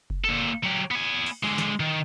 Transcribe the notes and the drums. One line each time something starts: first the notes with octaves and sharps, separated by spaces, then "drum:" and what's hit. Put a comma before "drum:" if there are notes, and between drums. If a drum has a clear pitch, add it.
drum: kick F1
A#2 A4
F#3 G4
B3 G#5
drum: cymbal
D3 G#3
drum: snare
D#3